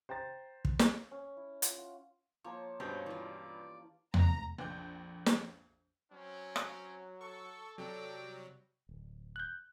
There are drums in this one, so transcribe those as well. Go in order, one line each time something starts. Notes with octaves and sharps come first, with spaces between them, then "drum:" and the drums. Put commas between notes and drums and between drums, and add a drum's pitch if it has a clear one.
C5 G5 A#5 A6
drum: kick
drum: snare
C#4
E4
F4, drum: hi-hat
F#5
F3 A#3 C#5 A5
G2 B2 C#4 G4 C5 C#5 G5
E3 F4 D5
A#5, drum: tom E2
A#1 F2 G5 G6
drum: snare
F#3 C4 C#4
drum: rim click
A4 C#6
C3 F#3 A4 D5 G5
G3
D1
F#6 G6